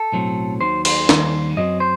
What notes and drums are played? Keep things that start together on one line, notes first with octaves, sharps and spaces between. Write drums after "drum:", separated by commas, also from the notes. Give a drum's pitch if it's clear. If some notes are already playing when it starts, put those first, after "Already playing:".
Already playing: A4
B1 A2 F#3 C4
D#2 D#3 F#3 C5
C5, drum: cymbal
D#2 D#3 G3, drum: snare
F#2 F#3 C4 D#5
C5